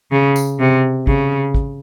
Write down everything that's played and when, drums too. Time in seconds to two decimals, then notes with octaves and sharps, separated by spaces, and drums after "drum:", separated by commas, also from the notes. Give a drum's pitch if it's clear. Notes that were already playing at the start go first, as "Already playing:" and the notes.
0.11 C#3
0.36 drum: tambourine
0.60 C3
1.07 C#3, drum: kick
1.54 drum: kick